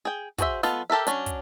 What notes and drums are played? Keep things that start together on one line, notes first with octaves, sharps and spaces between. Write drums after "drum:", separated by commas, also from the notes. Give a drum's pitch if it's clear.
G#4 G5
F#4 G#4 C5 E5, drum: kick, hi-hat
B3 F4 A4 D#5 F5, drum: snare
G4 A4 A#4 E5
F#3 C#4 D4, drum: hi-hat
drum: kick, hi-hat